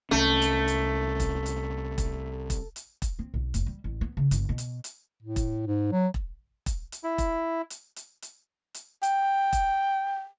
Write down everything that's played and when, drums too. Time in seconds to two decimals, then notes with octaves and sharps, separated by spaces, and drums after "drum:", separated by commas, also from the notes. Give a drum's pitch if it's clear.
0.11 C2 A3 C#4
0.42 drum: hi-hat
0.68 drum: hi-hat
1.20 drum: kick E1, hi-hat
1.46 drum: hi-hat
1.98 drum: kick E1, hi-hat
2.50 drum: kick E1, hi-hat
2.76 drum: hi-hat
3.02 drum: kick E1, hi-hat
3.19 C4
3.34 B1
3.54 F1, drum: hi-hat
3.66 G3
3.84 A1
4.01 B3
4.17 C#3
4.31 G1, drum: hi-hat
4.49 B2
4.58 drum: hi-hat
4.84 drum: hi-hat
5.23 A2
5.36 drum: kick E1, hi-hat
5.67 G#2
5.92 F#3
6.14 drum: kick E1
6.66 drum: kick E1, hi-hat
6.92 drum: hi-hat
7.04 E4
7.18 drum: kick E1, hi-hat
7.70 drum: hi-hat
7.96 drum: hi-hat
8.22 drum: hi-hat
8.74 drum: hi-hat
9.03 G5, drum: hi-hat
9.53 drum: kick E1, hi-hat